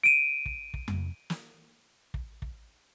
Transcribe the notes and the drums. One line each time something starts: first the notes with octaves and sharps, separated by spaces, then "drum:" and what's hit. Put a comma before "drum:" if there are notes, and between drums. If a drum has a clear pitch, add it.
D7 D#7
drum: kick
drum: kick
drum: tom F2
drum: snare
drum: kick
drum: kick